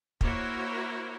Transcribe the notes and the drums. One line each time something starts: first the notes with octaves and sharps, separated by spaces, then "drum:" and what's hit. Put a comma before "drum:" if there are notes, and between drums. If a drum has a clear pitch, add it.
A#3 E4 F#4 A#4 C5 C#5, drum: kick